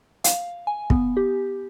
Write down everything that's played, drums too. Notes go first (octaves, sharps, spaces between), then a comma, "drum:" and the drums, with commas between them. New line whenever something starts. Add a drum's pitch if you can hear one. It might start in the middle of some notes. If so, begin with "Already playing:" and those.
F5, drum: hi-hat
G#5
B3, drum: kick
G4